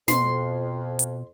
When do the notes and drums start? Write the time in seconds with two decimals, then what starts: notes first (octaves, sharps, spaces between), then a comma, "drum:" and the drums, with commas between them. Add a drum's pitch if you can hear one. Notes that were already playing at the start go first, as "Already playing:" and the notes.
0.08 F2 B2 C6, drum: snare
0.99 drum: hi-hat